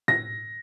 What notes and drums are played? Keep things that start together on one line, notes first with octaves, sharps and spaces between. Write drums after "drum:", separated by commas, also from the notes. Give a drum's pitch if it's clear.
A#6, drum: tom A2